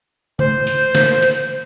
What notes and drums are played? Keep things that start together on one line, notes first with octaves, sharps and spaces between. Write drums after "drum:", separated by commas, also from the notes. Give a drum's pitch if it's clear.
C5, drum: tom C#3
drum: hi-hat
drum: snare
drum: hi-hat